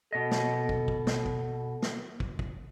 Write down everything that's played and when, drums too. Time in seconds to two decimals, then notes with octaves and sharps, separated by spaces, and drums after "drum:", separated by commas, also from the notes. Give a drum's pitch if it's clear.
0.13 B2 A4 D#5
0.31 drum: snare
0.69 drum: kick
0.88 drum: kick
1.07 drum: snare
1.26 drum: kick
1.82 drum: snare
2.20 drum: kick
2.39 drum: kick